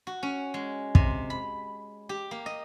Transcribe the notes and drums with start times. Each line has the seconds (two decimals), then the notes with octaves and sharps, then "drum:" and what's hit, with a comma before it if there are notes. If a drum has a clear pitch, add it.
0.07 F#4
0.23 C#4
0.54 G#3
0.95 C3, drum: kick
1.30 B5
2.09 G4
2.31 A#3
2.46 D#5